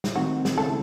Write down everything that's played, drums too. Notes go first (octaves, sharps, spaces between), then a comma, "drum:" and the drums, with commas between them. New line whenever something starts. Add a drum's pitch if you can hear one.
drum: snare
D#3 A3 C4 D#4 F#4
drum: snare
C#3 G#3 C#4 E4 A4